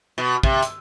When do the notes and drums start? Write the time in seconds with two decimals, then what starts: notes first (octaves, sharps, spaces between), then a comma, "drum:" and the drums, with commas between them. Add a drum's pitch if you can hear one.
0.18 B2
0.43 C3, drum: kick
0.63 drum: hi-hat